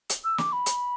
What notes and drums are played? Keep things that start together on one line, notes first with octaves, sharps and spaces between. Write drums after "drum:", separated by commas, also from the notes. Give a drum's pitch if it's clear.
drum: hi-hat
E6
D6, drum: snare
B5
drum: hi-hat